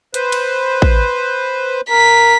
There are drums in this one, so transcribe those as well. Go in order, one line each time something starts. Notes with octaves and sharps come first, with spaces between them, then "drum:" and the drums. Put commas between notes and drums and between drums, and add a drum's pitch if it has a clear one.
B4 C5, drum: hi-hat
drum: cymbal
drum: kick A1
A#4 B6